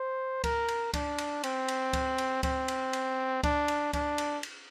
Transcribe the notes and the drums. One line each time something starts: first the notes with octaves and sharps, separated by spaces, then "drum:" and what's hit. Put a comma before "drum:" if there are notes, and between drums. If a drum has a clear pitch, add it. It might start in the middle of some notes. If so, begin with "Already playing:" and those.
Already playing: C5
A#4, drum: kick C#2, cymbal
drum: cymbal
D4, drum: kick C#2, cymbal
drum: cymbal
C4, drum: cymbal
drum: cymbal
drum: kick C#2, cymbal
drum: cymbal
C4, drum: kick C#2, cymbal
drum: cymbal
drum: cymbal
D4, drum: kick C#2, cymbal
drum: cymbal
D4, drum: kick C#2, cymbal
drum: cymbal
drum: cymbal